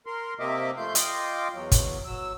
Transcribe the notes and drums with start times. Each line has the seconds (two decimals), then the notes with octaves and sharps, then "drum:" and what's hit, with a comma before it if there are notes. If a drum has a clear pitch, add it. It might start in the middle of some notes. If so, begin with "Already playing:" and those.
0.07 A#4 C6
0.40 C3 A#3 C4 D#5 E5 D6
0.77 F3 A3 C6 G6
0.95 F4 D#5 G5 C6 D6, drum: hi-hat
1.53 E2 F#3
1.72 drum: kick, hi-hat
2.05 F#3 E6